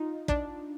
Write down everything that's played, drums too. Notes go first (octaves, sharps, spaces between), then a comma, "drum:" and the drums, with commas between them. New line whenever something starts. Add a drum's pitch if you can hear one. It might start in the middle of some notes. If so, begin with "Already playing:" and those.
Already playing: D#4 F4
D4, drum: kick